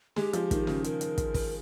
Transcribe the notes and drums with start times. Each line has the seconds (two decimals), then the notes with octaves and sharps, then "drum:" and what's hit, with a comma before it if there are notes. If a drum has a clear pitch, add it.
0.16 G#3 G4, drum: snare
0.33 F3, drum: hi-hat
0.51 D#3, drum: kick, hi-hat
0.67 C#3, drum: snare
0.84 A#4, drum: hi-hat
1.01 drum: hi-hat
1.18 drum: kick, hi-hat
1.34 drum: kick, open hi-hat